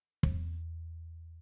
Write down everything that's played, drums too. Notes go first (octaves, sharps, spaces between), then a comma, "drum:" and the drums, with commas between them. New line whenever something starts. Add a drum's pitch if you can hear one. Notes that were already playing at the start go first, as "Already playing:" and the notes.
E2, drum: kick